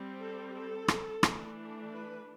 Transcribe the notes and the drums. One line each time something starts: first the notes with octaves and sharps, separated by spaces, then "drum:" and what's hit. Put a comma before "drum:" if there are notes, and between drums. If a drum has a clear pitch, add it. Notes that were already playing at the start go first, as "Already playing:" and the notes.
Already playing: G3 C4
A4
A4
drum: rim click
E3 A3 D4, drum: rim click
B4